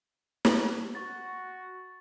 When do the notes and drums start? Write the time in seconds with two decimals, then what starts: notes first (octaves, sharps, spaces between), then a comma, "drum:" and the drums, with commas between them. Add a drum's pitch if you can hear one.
0.45 drum: snare
0.95 F#4 C#6 A6